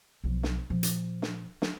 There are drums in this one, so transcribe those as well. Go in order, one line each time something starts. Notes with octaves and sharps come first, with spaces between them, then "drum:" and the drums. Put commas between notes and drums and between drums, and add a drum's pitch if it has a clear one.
B1 F3
drum: snare
A#2 F3
drum: hi-hat
drum: snare
drum: snare